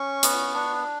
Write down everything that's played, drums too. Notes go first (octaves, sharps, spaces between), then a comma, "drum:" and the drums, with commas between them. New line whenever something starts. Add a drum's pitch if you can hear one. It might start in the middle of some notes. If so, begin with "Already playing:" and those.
Already playing: C#4 C#6
B3, drum: hi-hat
D4